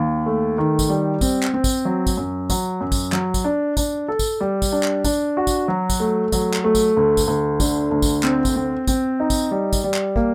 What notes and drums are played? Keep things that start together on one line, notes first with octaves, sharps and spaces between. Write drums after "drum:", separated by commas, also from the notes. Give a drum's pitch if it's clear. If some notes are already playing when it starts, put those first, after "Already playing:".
Already playing: D#2
A3
D#3
drum: kick, tambourine
G3
C4, drum: kick, tambourine
drum: clap
C4
drum: kick, tambourine
F#3
drum: kick, tambourine
F#2
F#3, drum: kick, tambourine
F#2
drum: kick, tambourine
F#3, drum: clap
drum: kick, tambourine
D4
D4, drum: kick, tambourine
A4
drum: kick, tambourine
G3
drum: kick, tambourine
D4
drum: clap
D4, drum: kick, tambourine
F#4
drum: kick, tambourine
F#3
drum: kick, tambourine
A3
F#3, drum: kick, tambourine
drum: clap
A3
drum: kick, tambourine
D2
drum: kick, tambourine
D2
D3, drum: kick, tambourine
D2
drum: kick, tambourine
C4, drum: clap
drum: kick, tambourine
C4
C4, drum: kick, tambourine
D#4
drum: kick, tambourine
G3
drum: kick, tambourine
G3
drum: clap
A#3, drum: kick